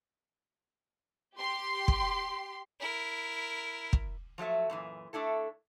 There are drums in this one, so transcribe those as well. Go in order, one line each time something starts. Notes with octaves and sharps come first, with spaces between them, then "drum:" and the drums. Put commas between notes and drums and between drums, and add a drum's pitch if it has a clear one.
G4 C6
drum: kick
E4 A#4
drum: kick
F3 F#3 A3 E5
F#2 A#2 E3
A3 D4 E4 A4